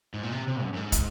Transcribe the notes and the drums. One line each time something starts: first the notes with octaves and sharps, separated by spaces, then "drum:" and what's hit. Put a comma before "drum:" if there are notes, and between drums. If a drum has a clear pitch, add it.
G#2
A#2
C3
C3
F#2
F#2
G#2
drum: kick, hi-hat